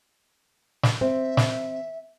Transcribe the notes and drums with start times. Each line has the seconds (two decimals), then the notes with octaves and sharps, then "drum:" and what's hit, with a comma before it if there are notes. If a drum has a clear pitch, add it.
0.83 drum: snare
1.01 C4 E5
1.37 drum: snare